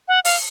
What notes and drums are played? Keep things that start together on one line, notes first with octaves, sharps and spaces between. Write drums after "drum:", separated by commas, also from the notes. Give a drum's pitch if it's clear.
F#5
F5, drum: open hi-hat